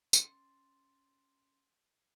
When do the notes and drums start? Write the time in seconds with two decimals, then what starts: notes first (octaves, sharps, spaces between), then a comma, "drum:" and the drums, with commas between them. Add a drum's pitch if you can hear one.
0.13 C#4 C6 A6, drum: tambourine